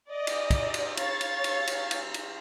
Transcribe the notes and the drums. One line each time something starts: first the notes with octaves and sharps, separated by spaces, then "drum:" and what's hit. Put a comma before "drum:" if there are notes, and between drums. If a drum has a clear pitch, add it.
D5 D#5
drum: cymbal
drum: kick, cymbal
drum: cymbal
C#5 F5 A6, drum: cymbal
drum: cymbal
drum: cymbal
drum: cymbal
drum: cymbal
drum: cymbal